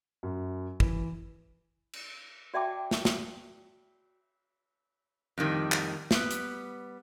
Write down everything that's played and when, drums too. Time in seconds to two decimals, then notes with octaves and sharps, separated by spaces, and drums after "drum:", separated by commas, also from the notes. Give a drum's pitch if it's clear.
0.23 F#2
0.80 E3, drum: kick
1.93 drum: cymbal
2.54 F#4 D5 E5 G5 A5 D6
2.91 drum: snare
3.05 drum: snare
5.38 F2 A2 D#3 G3
5.72 drum: clap
6.11 G3 B3, drum: snare
6.31 drum: hi-hat